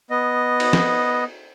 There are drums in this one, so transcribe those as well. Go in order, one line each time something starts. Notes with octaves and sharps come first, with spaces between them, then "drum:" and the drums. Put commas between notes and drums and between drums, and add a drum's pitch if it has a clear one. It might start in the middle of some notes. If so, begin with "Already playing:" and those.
B3 D#5
drum: cymbal
drum: snare